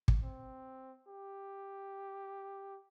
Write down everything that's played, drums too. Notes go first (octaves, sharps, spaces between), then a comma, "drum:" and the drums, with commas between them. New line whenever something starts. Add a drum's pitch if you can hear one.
drum: kick
C4
G4